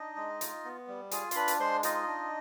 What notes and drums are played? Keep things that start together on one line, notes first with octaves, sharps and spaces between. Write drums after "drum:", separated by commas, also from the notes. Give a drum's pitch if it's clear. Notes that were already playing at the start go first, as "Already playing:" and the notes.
Already playing: D4 D#4 D#5
G#3
F4, drum: hi-hat
B3
G3
F4 G#4 G#5, drum: hi-hat
C6, drum: hi-hat
D4 B4 B5
drum: hi-hat
G#3 C5 C6
D#4 F4 D#5, drum: hi-hat
D4